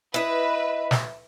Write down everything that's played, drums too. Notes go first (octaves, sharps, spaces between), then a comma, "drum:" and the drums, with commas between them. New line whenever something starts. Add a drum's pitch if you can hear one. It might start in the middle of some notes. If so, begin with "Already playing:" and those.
E4 B4 D#5 E5
drum: snare